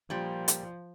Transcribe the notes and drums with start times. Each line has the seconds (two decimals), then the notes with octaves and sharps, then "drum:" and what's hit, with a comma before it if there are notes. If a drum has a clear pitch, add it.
0.10 A#2 F3 G3
0.48 drum: hi-hat